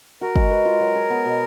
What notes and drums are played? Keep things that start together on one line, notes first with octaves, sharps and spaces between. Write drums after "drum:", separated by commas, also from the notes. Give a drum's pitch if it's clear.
F#4 A#4
G#3, drum: kick
B4
F4
F#3
G#4
B3
B2